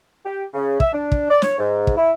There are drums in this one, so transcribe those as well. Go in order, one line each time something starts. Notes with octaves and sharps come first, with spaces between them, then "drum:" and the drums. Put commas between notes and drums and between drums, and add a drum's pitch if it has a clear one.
G4
C#3
E5, drum: kick
D4
drum: kick
D5
C#5, drum: snare
G#2
drum: kick
E4